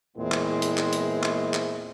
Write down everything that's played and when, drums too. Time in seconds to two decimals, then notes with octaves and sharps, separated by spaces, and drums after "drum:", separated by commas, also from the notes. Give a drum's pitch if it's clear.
0.16 E2 A#2 E3 G#3 C4 E4
0.32 drum: clap
0.62 drum: hi-hat
0.77 drum: clap
0.93 drum: hi-hat
1.23 drum: clap
1.54 drum: clap